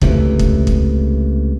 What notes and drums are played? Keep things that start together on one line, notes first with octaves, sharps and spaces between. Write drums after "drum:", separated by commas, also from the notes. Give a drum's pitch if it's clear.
C#2 C3 E3 A3, drum: kick
drum: kick
drum: kick